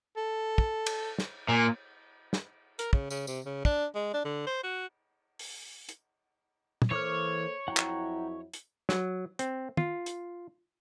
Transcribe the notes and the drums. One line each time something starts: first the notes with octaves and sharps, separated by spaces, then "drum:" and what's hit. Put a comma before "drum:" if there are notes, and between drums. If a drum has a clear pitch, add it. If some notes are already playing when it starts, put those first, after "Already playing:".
A4
drum: kick
drum: cymbal
drum: snare
A#2 G#5
drum: snare
A#4, drum: hi-hat
C#3, drum: kick
C#3, drum: tambourine
C3, drum: tambourine
C#3
D4, drum: kick
G#3
D4
D3
C5
F#4
drum: open hi-hat
drum: hi-hat
drum: tom
E3 A#3 A4 C5 C#5 D6 F6
F2 F#3 E4 F#5 G5 A#5
drum: clap
drum: hi-hat
F#3, drum: snare
C4, drum: hi-hat
F4, drum: tom
drum: hi-hat